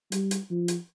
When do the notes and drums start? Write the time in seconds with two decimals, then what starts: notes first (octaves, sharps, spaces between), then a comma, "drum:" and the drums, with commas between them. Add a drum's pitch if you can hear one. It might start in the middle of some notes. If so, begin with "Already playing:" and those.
0.12 G3, drum: hi-hat
0.31 drum: hi-hat
0.50 F3
0.68 drum: hi-hat